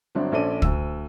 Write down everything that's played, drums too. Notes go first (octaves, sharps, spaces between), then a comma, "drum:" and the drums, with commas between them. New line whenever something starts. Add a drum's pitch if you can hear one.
G1 F#3 C4 D4
A#1 C#4 A4 C5 D5 D#7
D2 E6, drum: kick